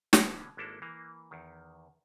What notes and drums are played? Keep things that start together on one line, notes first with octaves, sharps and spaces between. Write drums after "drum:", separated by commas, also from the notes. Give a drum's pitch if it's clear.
B2 D3 E3 C#4 D4, drum: snare
G#1 G#3 A#3 D4 E4 A4
E3 A#3
E2 D#3